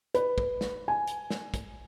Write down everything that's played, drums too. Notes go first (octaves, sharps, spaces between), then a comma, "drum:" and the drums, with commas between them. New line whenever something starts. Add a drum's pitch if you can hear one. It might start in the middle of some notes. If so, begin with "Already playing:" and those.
B4, drum: hi-hat
drum: kick
drum: snare
G#5
drum: hi-hat
drum: snare
drum: kick, hi-hat